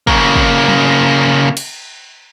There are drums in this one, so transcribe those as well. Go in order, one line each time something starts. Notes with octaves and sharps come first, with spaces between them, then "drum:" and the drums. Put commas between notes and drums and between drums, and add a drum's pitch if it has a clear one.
C#3 A#3, drum: kick
drum: kick
drum: tom F#3
drum: cymbal